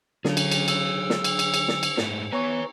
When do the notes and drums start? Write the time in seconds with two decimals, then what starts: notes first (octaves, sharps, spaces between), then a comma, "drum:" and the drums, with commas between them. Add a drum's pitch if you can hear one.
0.25 D3 F#3 C#4 G#4 A4 C#5, drum: snare
0.37 drum: cymbal
0.51 drum: cymbal
0.68 E6, drum: cymbal
1.10 drum: snare
1.24 drum: cymbal
1.39 drum: cymbal
1.54 drum: cymbal
1.68 drum: snare
1.83 drum: cymbal
1.97 G#2 A3, drum: snare
2.33 B3 B4 C#5 G#5 A#5 C#6